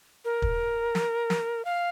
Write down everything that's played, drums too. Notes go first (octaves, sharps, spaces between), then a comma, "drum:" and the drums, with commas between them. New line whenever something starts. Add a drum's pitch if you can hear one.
A#4
drum: kick
drum: snare
drum: snare
F5